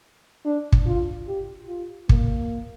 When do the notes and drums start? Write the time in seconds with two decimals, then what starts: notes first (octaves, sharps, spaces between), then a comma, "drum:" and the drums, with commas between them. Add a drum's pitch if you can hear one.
0.45 D4
0.72 drum: kick
0.86 F4
1.28 G4
1.68 F4
2.09 A#3, drum: kick